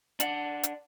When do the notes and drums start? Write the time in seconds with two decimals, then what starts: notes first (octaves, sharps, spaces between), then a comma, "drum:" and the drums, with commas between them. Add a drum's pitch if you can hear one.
0.20 D4 D5 F#5, drum: hi-hat
0.63 drum: hi-hat